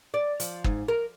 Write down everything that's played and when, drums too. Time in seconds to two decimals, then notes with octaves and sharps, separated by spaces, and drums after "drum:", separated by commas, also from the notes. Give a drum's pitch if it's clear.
0.14 D5
0.40 F3, drum: hi-hat
0.64 G#2, drum: kick
0.88 A#4